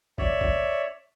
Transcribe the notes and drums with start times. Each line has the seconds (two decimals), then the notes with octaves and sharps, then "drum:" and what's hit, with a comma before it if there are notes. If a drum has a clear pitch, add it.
0.18 C#5 D5 E5, drum: kick
0.41 drum: kick